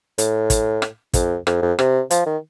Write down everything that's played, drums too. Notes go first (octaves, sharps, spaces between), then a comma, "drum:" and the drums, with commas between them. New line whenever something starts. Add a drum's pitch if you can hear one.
A2, drum: hi-hat
drum: kick, hi-hat
drum: rim click
F2, drum: kick, hi-hat
F2, drum: rim click
F2
C3, drum: rim click
F3, drum: hi-hat
D#3